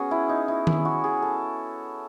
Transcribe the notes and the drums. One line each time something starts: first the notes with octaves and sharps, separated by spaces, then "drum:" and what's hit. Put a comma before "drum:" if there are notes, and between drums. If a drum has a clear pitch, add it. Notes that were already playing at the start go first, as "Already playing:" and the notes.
Already playing: B3 C#4 F#4 G#4
E4
D#4
E4
E4, drum: tom D#3
F#4
G#4
A4